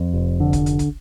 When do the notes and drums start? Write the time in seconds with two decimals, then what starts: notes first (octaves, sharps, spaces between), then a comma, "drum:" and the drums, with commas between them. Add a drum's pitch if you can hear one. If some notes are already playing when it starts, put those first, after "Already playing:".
Already playing: F2
0.14 F1
0.40 D3
0.53 drum: kick, hi-hat
0.66 drum: hi-hat
0.79 drum: kick, hi-hat